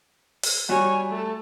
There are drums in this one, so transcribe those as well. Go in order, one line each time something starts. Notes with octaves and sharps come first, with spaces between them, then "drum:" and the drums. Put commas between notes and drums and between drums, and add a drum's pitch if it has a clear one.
drum: open hi-hat
G3 F#4 C#5 G#5
A3 A4